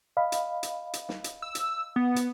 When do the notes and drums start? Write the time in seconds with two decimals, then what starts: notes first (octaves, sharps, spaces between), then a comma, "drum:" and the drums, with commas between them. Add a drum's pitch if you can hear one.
0.17 D#5 F5 B5
0.32 drum: hi-hat
0.63 drum: hi-hat
0.93 drum: hi-hat
1.09 drum: snare
1.24 drum: hi-hat
1.42 E6
1.55 drum: hi-hat
1.96 B3
2.16 drum: hi-hat